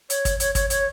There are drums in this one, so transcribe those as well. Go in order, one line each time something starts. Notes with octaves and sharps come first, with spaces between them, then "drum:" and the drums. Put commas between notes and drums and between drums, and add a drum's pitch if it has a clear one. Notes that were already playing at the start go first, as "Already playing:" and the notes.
C#5, drum: hi-hat
drum: kick, hi-hat
C#5, drum: hi-hat
C#5, drum: kick, hi-hat
C#5, drum: hi-hat